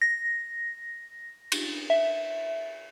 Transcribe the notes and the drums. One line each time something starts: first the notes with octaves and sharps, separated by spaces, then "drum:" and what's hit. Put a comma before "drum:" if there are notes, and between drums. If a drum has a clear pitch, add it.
A#6
drum: cymbal
E5